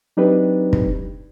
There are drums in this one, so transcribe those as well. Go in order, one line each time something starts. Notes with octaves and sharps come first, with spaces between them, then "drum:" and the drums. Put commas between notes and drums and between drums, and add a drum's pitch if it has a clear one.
F#3 C4 D4 D#4 G4 B4
drum: kick